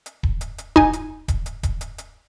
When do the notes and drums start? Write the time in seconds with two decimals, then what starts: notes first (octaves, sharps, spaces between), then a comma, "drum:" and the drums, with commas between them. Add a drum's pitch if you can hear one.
0.06 drum: hi-hat
0.23 drum: kick D#1
0.41 drum: hi-hat
0.58 drum: hi-hat
0.76 D#4 G#5, drum: kick D#1
0.93 drum: hi-hat
1.28 drum: kick D#1, hi-hat
1.46 drum: hi-hat
1.63 drum: kick D#1, hi-hat
1.81 drum: hi-hat
1.98 drum: hi-hat